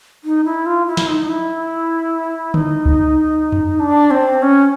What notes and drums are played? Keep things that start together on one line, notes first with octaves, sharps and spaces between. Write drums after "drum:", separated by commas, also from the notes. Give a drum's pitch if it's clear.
D#4
E4
F4
E4
drum: snare
D#4
D#4
E4
D#4, drum: tom D3
drum: kick C#2
drum: tom F2
D4
C4
C#4